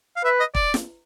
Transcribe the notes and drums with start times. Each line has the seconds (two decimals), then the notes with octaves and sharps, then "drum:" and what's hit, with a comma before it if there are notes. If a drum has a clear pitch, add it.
0.16 F5
0.24 B4 E5
0.40 D#5
0.55 D5, drum: kick
0.74 drum: snare